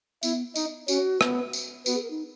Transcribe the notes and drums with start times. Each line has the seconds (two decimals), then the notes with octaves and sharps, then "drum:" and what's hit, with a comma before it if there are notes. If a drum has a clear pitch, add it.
0.23 B3 E4, drum: tambourine
0.56 D#4, drum: tambourine
0.88 C#4 F#4, drum: tambourine
1.21 B3, drum: rim click
1.53 drum: tambourine
1.86 B3 F#4, drum: tambourine
1.94 G#4
2.02 A#4
2.10 D#4